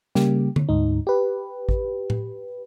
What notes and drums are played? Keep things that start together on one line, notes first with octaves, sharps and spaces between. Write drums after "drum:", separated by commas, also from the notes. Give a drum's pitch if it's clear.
C#3 G3 A#3 G4, drum: snare
drum: tom D3
D2 G#2 D#4
G4 B4
drum: kick
drum: tom A2